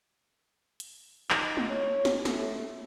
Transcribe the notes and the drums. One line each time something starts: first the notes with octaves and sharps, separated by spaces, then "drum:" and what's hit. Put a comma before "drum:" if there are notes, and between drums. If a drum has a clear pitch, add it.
drum: hi-hat
D#4, drum: clap
drum: tom
C#5
drum: snare
A3, drum: snare